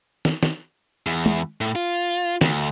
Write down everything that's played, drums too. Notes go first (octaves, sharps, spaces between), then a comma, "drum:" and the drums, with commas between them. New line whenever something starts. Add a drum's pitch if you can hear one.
drum: snare
drum: snare
E2
drum: tom
A2
F4
D2, drum: snare